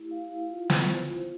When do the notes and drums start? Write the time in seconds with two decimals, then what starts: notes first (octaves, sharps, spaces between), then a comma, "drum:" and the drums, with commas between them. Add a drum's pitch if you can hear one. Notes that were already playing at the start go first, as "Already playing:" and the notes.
Already playing: A3 E4 G4
0.11 F5
0.31 E4
0.50 F4
0.70 C5, drum: snare
0.89 C5
1.09 F4